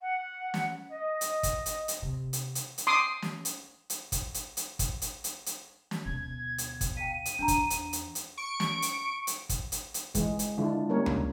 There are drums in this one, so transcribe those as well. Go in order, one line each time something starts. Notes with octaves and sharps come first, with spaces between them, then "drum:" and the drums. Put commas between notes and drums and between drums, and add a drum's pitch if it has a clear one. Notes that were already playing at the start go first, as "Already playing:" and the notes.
F#5
drum: snare
D#5
drum: hi-hat
drum: kick, hi-hat
drum: hi-hat
drum: hi-hat
C3
drum: hi-hat
drum: hi-hat
drum: hi-hat
C6 D6 D#6
drum: snare
drum: hi-hat
drum: hi-hat
drum: kick, hi-hat
drum: hi-hat
drum: hi-hat
drum: kick, hi-hat
drum: hi-hat
drum: hi-hat
drum: hi-hat
drum: snare
D2 B2 G#6
drum: hi-hat
drum: kick, hi-hat
F5 G5 D#7
drum: hi-hat
E2 D4 A#5
drum: kick, hi-hat
drum: hi-hat
drum: hi-hat
drum: hi-hat
C#6 D7
drum: snare
drum: hi-hat
drum: hi-hat
drum: kick, hi-hat
drum: hi-hat
drum: hi-hat
E3 G#3, drum: kick, hi-hat
drum: hi-hat
D3 G#3 D4 E4 F4
G3 A#3 C#4 A#4 C#5
drum: tom C#2